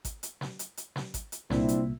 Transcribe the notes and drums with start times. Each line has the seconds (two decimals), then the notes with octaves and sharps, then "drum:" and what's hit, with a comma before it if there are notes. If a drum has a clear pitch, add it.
0.05 drum: kick G#1, hi-hat
0.23 drum: hi-hat
0.41 drum: snare
0.59 drum: hi-hat
0.77 drum: hi-hat
0.96 drum: snare
1.14 drum: kick G#1, hi-hat
1.32 drum: hi-hat
1.50 C2 A#2 C4 D4 E4 E5, drum: snare
1.68 drum: hi-hat